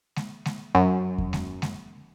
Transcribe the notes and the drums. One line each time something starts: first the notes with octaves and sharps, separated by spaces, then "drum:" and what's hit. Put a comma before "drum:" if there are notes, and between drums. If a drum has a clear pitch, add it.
drum: snare G#3
drum: snare G#3
F#2
drum: kick E2
drum: snare G#3
drum: snare G#3